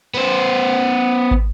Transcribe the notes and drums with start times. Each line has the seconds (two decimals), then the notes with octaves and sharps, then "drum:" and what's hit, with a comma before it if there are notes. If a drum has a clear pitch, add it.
0.14 B3 C5
1.31 drum: kick